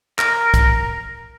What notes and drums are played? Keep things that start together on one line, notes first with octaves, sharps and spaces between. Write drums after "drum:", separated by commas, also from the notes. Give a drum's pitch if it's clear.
A#4, drum: clap
drum: kick, hi-hat